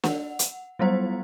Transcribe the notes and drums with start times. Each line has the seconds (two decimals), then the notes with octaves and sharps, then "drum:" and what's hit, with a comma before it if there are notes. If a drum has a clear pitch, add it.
0.04 F#5, drum: snare
0.39 drum: hi-hat
0.79 F#3 G3 B3 C5